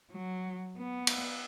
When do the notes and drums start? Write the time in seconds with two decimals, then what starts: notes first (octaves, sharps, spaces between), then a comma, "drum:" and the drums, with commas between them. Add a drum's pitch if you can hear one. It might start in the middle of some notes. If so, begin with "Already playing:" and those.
0.11 F#3
0.78 B3
1.07 drum: cymbal